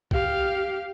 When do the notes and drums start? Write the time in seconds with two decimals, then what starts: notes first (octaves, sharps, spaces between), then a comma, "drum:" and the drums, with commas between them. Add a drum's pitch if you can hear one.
0.11 G4 F5, drum: kick B1